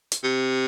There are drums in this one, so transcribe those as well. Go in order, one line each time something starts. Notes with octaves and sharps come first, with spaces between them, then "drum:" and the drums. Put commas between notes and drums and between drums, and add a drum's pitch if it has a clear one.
drum: hi-hat
C3